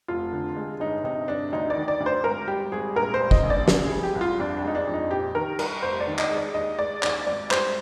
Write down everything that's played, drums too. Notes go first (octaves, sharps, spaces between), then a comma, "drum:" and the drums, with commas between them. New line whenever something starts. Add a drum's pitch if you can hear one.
F1 F4
D3
G#3
G1 D#4
C3 D#4
G1 D4
D2 D#4
D5
D#3
D5
D2
C5
G#1 A#4
G3 G4
G#1 G#4
A#1 A#4
C5
G3
D#5, drum: kick
A#1
D5
C2, drum: snare
G#4
G3
G4
C2
F4
F2 D4
D4
G#3 D#4
D4
F2
D#4
A#1 G4
D#3 A#4
G3 A#4, drum: cymbal
F1 C5
D5
D#3
D#5, drum: clap
G#3
D5
D#2 D#5
G#3 D5
D#2 D5, drum: clap
G#1 D5
G3 C5, drum: clap